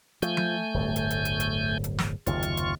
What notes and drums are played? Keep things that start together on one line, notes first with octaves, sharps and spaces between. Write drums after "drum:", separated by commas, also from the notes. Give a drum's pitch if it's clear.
F3 A3 G#5 G6, drum: hi-hat
drum: tom F3
D1 G1
drum: hi-hat
drum: hi-hat
drum: hi-hat
drum: hi-hat
drum: hi-hat
drum: snare
F#1 D#2 C3 F4 C#6, drum: hi-hat
drum: hi-hat
drum: hi-hat